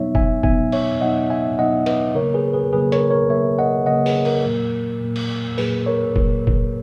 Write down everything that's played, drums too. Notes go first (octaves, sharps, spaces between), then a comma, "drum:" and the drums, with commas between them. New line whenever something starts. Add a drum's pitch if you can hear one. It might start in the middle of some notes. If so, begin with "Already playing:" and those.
Already playing: B2 F#3 B3 D#4 C#5 E5
E5 G#5, drum: kick
B2 F#3 B3 D#4 E5 G#5, drum: kick
C#5 E5, drum: cymbal
B2 F#3 B3 D#4 D#5 F#5
E5 G#5
B2 F#3 B3 D#4 D#5 F#5
B4 D#5, drum: cymbal
C#3 F#3 A#3 A#4 C#5
G#4 B4
G#4 B4
C#3 F#3 A#3 G#4 B4
A#4 C#5, drum: hi-hat
A#4 C#5
C#3 F#3 A#3 C#5 E5
D#5 F#5
C#3 F#3 A#3 D#5 F#5
G#4 B4, drum: open hi-hat
A#4, drum: cymbal
A#2 F#3 A#3
A#2 F#3 A#3
drum: cymbal
A#2 F#3 A#3 G#4 B4, drum: open hi-hat
A#4 C#5
A#2 F#3 A#3, drum: kick
drum: kick